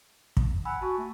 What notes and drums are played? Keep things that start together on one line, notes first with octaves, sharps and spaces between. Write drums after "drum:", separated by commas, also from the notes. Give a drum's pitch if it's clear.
drum: kick
F#5 G#5 B5 E6
F#4 A5
A3